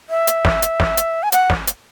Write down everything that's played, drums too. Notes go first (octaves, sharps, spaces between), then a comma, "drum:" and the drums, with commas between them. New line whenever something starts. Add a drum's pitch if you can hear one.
E5
drum: hi-hat
drum: snare
drum: hi-hat
drum: snare
drum: hi-hat
G#5
F#5, drum: hi-hat
drum: snare
drum: hi-hat